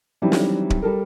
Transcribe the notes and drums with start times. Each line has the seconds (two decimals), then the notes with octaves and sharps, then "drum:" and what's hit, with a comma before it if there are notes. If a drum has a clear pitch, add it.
0.22 D#3 E3 F#3 G3 C4 D4
0.32 drum: snare
0.70 drum: kick D1
0.82 G3 A4 A#4